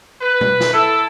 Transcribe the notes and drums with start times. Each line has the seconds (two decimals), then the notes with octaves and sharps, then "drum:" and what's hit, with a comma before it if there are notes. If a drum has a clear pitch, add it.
0.21 B4
0.41 drum: tom B2
0.60 drum: snare
0.73 E4 A4